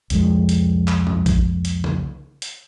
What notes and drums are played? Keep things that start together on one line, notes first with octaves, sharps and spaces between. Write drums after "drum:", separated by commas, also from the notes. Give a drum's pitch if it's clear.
C2 F2 G#3, drum: hi-hat
drum: hi-hat
drum: clap
drum: tom
drum: kick A1, hi-hat
drum: hi-hat
drum: tom C#3
drum: hi-hat